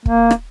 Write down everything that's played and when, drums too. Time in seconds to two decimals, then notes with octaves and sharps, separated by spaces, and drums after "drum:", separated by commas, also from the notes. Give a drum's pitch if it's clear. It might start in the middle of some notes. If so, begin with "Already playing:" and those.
0.06 A#3, drum: kick
0.31 drum: rim click